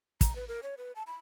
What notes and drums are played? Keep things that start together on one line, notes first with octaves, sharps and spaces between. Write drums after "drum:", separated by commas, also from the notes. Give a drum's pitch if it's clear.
A#5, drum: kick, hi-hat
B4
A#4
C#5
B4
A5
B5